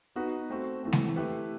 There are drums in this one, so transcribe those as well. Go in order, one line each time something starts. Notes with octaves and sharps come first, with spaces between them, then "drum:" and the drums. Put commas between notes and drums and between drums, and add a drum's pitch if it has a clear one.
B3 D#4 F#4 B4
A3 C4 F#4
E3 A3 C4
drum: snare G#3
A3 E4 G4 B4